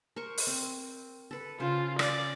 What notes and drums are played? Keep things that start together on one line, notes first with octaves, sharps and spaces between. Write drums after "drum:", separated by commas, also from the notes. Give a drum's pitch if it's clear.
A#4 C5 C#6
drum: open hi-hat
C4
A4 B4
C#3 F4 C5
D5, drum: rim click